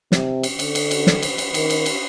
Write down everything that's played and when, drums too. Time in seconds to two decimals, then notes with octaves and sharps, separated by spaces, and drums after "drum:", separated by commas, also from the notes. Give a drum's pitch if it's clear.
0.12 C3, drum: snare
0.43 drum: cymbal
0.59 D3, drum: cymbal
0.75 drum: cymbal
0.91 drum: cymbal
1.07 drum: snare
1.23 drum: cymbal
1.38 drum: cymbal
1.54 D#3, drum: cymbal
1.70 drum: cymbal
1.86 drum: cymbal